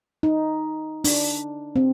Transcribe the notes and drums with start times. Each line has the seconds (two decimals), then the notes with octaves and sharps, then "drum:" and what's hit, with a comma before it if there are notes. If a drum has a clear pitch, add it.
0.23 D#4
1.04 D4, drum: open hi-hat
1.76 C4